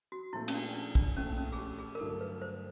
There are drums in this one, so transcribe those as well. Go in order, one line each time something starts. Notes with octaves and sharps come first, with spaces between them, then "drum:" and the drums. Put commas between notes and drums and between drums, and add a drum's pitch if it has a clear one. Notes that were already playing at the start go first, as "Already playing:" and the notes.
F#4
A#2 F3 A3 C4 E4
C#4, drum: cymbal
D4
D4
D4, drum: kick B1
A#2 F3 A3 C4 C#4
C#4
G#4
G4
G#4
A#4
G2 D3 F#3 A3 D4 A4
B4
C5